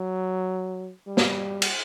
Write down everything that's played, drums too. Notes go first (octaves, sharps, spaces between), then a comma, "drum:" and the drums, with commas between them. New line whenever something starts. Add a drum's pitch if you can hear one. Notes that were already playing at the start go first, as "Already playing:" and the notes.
Already playing: F#3
G3
drum: snare
drum: cymbal